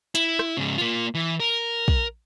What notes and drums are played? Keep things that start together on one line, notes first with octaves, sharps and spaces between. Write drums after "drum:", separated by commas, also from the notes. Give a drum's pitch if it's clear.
E4, drum: hi-hat
drum: rim click
G#2 C#3
A#3 F4
E3
A#4
drum: kick